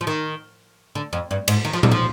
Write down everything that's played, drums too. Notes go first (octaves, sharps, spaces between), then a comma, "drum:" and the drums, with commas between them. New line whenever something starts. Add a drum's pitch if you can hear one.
F3
D#3
D3
F2
G2
G#2, drum: cymbal
D#3
F3
G3, drum: tom A#2
F3